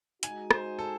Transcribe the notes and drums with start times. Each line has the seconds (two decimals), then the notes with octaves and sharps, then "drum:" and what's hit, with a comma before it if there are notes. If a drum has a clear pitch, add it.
0.23 G#3 D#4 F#4 G#5, drum: hi-hat
0.51 C5, drum: rim click
0.79 A4